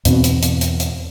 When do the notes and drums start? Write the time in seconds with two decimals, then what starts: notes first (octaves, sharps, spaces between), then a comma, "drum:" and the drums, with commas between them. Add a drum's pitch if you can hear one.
0.05 E2 G#2 B2 C4, drum: hi-hat
0.24 drum: hi-hat
0.43 drum: hi-hat
0.61 drum: hi-hat
0.80 drum: hi-hat